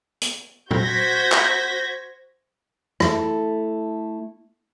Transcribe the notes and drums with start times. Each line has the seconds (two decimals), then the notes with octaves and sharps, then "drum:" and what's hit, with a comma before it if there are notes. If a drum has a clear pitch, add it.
0.22 drum: hi-hat
0.71 F#4 C5 G6 G#6 A#6 B6, drum: tom
1.32 drum: clap
3.00 A3 E4 A4, drum: rim click